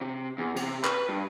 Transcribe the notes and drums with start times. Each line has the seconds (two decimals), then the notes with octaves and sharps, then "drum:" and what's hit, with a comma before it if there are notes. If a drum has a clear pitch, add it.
0.01 C3
0.38 E2
0.56 C3, drum: cymbal
0.84 B4, drum: clap
1.09 G2